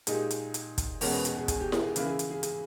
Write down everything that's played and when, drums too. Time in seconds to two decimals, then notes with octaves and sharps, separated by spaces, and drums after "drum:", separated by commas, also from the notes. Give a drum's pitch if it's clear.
0.07 A#2 G#3 D#4 G4 G#4, drum: hi-hat
0.31 drum: hi-hat
0.54 drum: hi-hat
0.78 drum: kick, hi-hat
1.01 E2 B2 G#3 C#4 A#4, drum: open hi-hat
1.13 B4
1.25 G#4, drum: hi-hat
1.37 G#4
1.48 G#4, drum: kick, hi-hat
1.60 G4
1.72 A#4, drum: snare E4
1.83 G#4
1.96 C#3 E3 A#3 E4 G#4, drum: hi-hat
2.07 G#4
2.19 drum: hi-hat
2.30 G#4
2.43 G#4, drum: hi-hat